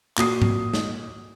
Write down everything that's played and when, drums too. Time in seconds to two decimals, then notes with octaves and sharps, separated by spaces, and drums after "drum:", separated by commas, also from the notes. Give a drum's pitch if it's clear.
0.17 A#2 F#4 D#6 C7, drum: clap
0.42 drum: tom G#2
0.74 drum: snare